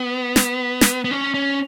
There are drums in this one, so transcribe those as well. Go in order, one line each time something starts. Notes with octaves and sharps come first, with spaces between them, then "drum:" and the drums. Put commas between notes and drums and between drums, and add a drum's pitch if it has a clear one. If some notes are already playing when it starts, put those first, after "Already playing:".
Already playing: B3
drum: snare
drum: snare
B3
C#4
C#4